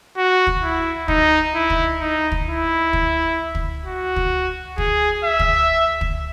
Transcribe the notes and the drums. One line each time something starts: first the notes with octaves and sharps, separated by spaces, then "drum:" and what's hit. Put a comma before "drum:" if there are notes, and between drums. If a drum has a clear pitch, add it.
F#4
drum: kick
E4
D#4, drum: kick
E4
drum: kick
D#4
drum: kick
E4
drum: kick
drum: kick
F#4
drum: kick
G#4, drum: kick
E5
drum: kick
drum: kick